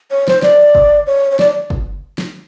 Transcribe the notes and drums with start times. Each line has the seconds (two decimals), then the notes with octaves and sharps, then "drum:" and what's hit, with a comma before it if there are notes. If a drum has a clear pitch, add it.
0.11 C#5
0.28 C5, drum: snare
0.42 D5, drum: snare
0.75 drum: kick
1.07 C#5
1.31 C#5
1.39 D5, drum: snare
1.70 drum: kick
2.18 drum: snare